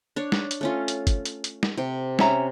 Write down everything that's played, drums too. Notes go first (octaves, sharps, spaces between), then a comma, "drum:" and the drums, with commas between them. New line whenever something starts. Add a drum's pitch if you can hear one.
D4 C#5
drum: snare
drum: hi-hat
A3 C#4 F4
drum: hi-hat
drum: kick, hi-hat
drum: hi-hat
drum: hi-hat
drum: snare
C3 G4
C#4 E5 A#5, drum: snare